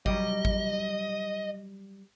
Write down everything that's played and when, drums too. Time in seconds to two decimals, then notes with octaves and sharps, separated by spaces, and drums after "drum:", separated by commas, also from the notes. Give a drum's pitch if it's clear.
0.06 F#3 G3 G4 D#5, drum: kick G#1
0.45 drum: kick G#1